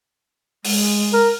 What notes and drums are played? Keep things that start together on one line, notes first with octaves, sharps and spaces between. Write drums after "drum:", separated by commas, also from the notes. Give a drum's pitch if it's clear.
G#3, drum: open hi-hat
A#4